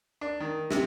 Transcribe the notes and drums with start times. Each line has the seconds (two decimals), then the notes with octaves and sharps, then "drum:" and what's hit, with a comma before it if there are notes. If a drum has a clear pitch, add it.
0.21 D4
0.40 D#3
0.71 C3, drum: snare